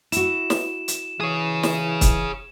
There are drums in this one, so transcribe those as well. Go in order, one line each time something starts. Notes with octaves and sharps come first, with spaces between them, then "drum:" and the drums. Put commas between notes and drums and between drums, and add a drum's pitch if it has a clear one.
E4 F#4 E7, drum: hi-hat
drum: snare
drum: hi-hat
E3 G#4 C#5
drum: snare
drum: kick, hi-hat